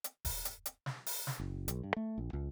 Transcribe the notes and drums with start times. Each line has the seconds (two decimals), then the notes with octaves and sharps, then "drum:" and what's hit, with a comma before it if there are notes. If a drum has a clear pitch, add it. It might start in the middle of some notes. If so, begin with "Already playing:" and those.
0.04 drum: hi-hat
0.25 drum: kick D#1, open hi-hat
0.45 drum: hi-hat
0.66 drum: hi-hat
0.86 drum: snare
1.06 drum: open hi-hat
1.27 drum: snare
1.40 F#1
1.68 B1, drum: hi-hat
1.83 G2
1.96 A3
2.18 A#1
2.33 C#2